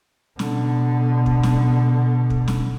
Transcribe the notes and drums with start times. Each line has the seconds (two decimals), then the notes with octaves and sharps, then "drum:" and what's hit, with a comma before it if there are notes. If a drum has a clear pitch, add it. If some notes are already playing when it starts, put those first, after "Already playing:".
0.39 B2 D3, drum: snare
1.26 drum: kick
1.43 drum: snare
2.30 drum: kick
2.48 drum: snare